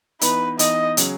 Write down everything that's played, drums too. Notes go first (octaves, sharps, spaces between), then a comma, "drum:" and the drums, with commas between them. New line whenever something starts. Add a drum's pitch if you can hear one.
E3 B3 D#4 B4, drum: hi-hat
E3 B3 D#4 D#5, drum: hi-hat
C#3 F#3 C#4 G#4, drum: hi-hat